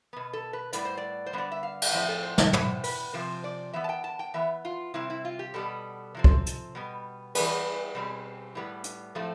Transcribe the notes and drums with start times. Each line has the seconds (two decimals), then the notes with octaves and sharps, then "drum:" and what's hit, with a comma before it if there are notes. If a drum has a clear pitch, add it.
0.13 B2 B3
0.33 A4
0.53 B4
0.73 A2 G3 B3 D5, drum: hi-hat
0.85 C5
0.97 D5
1.26 C5
1.33 D3 G3 B3 D5
1.52 E5
1.63 F5
1.82 drum: cymbal
1.93 A2 F3 C4 E5
2.09 A4
2.23 C5
2.38 D5, drum: snare
2.53 E3 B3 C5, drum: tom
2.84 B4, drum: open hi-hat
3.13 C3 F3 C4 C5
3.44 D5
3.74 E3 B3 E5
3.84 A5
3.89 G5
4.04 A5
4.19 G5
4.34 E3 B3 E5
4.65 F4
4.94 C3 G3 C4 E4
5.10 E4
5.25 F4
5.39 G4
5.54 B2 G3 B3 A4
6.15 C3 F3 C4
6.24 drum: kick
6.46 drum: hi-hat
6.75 B2 G3 B3
7.35 E3 G3 B3 B4, drum: cymbal
7.95 B2 G3 C4
8.55 A2 G3 B3
8.84 drum: hi-hat
9.15 A2 F3 A3 C4 A4